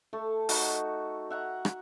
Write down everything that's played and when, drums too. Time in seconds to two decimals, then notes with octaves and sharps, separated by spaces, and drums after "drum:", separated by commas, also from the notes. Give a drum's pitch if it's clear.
0.13 A3 A4 A5
0.49 D#4 F#4, drum: open hi-hat
1.30 E5 F#5 A#5
1.65 drum: rim click